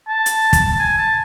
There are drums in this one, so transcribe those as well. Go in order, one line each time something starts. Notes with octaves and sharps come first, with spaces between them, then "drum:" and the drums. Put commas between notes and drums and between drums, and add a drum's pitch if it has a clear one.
A5
drum: hi-hat
drum: kick, hi-hat
A5
G#5
A5